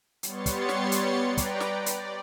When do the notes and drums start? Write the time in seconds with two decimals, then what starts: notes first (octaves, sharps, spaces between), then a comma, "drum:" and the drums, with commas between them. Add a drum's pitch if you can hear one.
0.23 G3 B3 C#5 C6 A6 C#7, drum: hi-hat
0.46 drum: kick, hi-hat
0.69 drum: snare
0.92 drum: hi-hat
1.23 B4 D5 G5 A#5
1.37 drum: kick, hi-hat
1.60 drum: snare
1.86 D5, drum: hi-hat